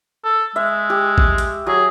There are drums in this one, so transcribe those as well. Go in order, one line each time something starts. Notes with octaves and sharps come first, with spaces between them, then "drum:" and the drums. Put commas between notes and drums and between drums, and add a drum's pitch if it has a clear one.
A4
G#3 E5
G4
drum: kick
drum: hi-hat
F#3 G#4